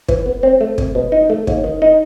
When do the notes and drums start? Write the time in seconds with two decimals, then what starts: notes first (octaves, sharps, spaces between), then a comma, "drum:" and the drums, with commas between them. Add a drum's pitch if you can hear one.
0.08 E3, drum: kick
0.26 B3
0.43 C4
0.61 A3
0.78 C2, drum: kick
0.95 B2
1.12 D#4
1.30 A3
1.47 D#2, drum: kick
1.64 D#3
1.82 D#4